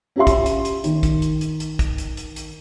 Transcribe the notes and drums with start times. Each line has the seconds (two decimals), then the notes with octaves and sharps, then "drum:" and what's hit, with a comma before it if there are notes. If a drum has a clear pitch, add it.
0.16 C#4 F4 G4 E5 C6
0.27 drum: kick, hi-hat
0.46 drum: hi-hat
0.65 drum: hi-hat
0.84 D#3, drum: hi-hat
1.03 drum: kick, hi-hat
1.22 drum: hi-hat
1.41 drum: hi-hat
1.60 drum: hi-hat
1.79 drum: kick, hi-hat
1.98 drum: hi-hat
2.17 drum: hi-hat
2.36 drum: hi-hat